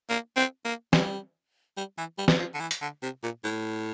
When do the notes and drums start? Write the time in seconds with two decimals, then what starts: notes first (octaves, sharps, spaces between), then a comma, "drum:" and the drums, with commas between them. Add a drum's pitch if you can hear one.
0.09 A#3
0.36 C4
0.65 A#3
0.93 G3, drum: snare
1.77 G3
1.98 E3
2.18 G3
2.28 drum: snare
2.39 F3
2.54 D3
2.60 E3
2.71 drum: hi-hat
2.81 D3
3.02 C3
3.23 A#2
3.44 A2